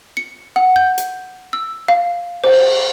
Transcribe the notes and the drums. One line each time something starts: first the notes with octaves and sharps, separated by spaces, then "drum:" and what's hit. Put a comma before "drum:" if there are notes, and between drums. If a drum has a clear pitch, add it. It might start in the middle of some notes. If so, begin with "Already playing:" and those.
C#7
F#5
G6
drum: hi-hat
E6
F5
C5, drum: cymbal